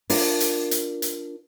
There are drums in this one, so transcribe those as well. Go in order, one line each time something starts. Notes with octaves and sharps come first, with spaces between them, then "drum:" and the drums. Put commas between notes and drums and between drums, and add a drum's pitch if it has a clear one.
D4 F4 A#4, drum: open hi-hat
drum: hi-hat
drum: hi-hat
drum: hi-hat